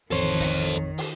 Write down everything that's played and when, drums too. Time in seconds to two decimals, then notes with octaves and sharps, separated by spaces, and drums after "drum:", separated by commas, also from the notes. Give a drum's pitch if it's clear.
0.11 A1 F2 D#3 A4 C5 C#5
0.40 drum: kick, hi-hat
0.98 drum: open hi-hat